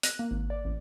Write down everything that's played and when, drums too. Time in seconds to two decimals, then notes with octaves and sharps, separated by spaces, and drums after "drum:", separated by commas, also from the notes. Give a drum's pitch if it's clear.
0.03 F#6, drum: hi-hat
0.19 A#3
0.31 G#1
0.50 D5
0.65 A1